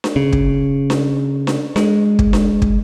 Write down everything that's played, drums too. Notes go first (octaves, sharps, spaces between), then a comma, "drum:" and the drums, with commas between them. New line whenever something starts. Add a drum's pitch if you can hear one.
drum: snare D4
C#3
drum: kick
drum: snare D4
drum: snare D4
G#3, drum: snare D4
drum: kick
drum: snare D4
drum: kick